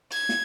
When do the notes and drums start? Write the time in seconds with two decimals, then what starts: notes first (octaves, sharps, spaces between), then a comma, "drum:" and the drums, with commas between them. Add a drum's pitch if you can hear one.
0.12 G#6, drum: cymbal
0.29 drum: snare